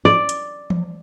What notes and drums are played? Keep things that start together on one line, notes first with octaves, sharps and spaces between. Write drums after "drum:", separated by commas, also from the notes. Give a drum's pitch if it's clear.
D5
drum: hi-hat
drum: tom E3